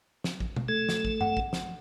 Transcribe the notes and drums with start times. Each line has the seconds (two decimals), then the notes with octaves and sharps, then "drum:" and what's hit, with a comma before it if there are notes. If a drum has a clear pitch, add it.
0.24 drum: snare
0.40 drum: kick
0.56 drum: tom B2
0.68 A3 A4 G#6
0.89 drum: snare
1.05 drum: kick
1.21 F#5, drum: tom G2
1.37 drum: kick
1.53 drum: snare